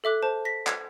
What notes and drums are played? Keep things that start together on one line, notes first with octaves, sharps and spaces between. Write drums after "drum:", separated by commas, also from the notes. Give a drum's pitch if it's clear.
A4 E5 D6 F#6
C5 A5
A#6 B6
G#6, drum: clap